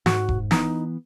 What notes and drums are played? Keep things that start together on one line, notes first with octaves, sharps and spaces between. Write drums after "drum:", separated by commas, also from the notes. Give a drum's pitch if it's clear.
G#2 F#4, drum: snare
drum: kick E1
E3 B3 D#4, drum: snare